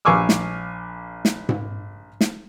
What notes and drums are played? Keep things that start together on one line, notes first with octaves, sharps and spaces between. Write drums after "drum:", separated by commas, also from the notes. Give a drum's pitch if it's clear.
A#1 F5 G#5 C#6 D6 E6
drum: snare
drum: snare
drum: tom G#2
drum: snare